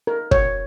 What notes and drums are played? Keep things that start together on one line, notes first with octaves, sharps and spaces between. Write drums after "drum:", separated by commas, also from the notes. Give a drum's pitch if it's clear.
A#4
C#5, drum: kick